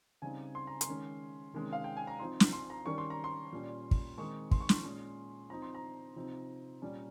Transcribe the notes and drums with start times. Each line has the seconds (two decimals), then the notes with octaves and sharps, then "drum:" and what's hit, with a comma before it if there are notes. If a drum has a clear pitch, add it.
0.22 C#3 G3 C4 D#4 G#5
0.55 C6
0.67 A#5
0.81 C6, drum: hi-hat
0.88 D#3 G#3 C#4
1.53 C3 D#3 G#3 C#4
1.73 F5
1.84 G5
1.97 G#5
2.07 A#5
2.19 F3 C4 D#4 C6
2.40 drum: snare
2.53 C6
2.70 A#5
2.86 D#3 G3 C#4 C#6
2.98 C6
3.10 A#5
3.24 C6
3.52 A#2 G3 C#4
3.91 drum: kick
4.18 D#3 G#3 C4 D#4 C#6
4.51 C6, drum: kick
4.60 C#6
4.69 C6, drum: snare
4.83 A#2 G#3 C#4
5.50 F3 C4 D#4 A#5
5.62 C6
5.74 A#5
6.16 C3 F3 C4 D#4
6.82 A#2 G3 C#4